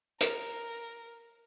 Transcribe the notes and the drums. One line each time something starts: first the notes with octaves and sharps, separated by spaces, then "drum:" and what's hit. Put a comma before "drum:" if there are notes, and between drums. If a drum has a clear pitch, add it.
A#4, drum: hi-hat